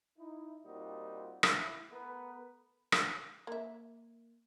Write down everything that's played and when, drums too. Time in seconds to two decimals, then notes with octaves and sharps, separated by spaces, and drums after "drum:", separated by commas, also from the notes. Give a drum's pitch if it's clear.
0.19 D#4 E4
0.66 A#2 G3 C4 D#4 F4 F#4
1.43 drum: rim click
1.53 E4
1.91 A3 B3 A#4 B4
2.92 drum: rim click
3.47 A#3 E5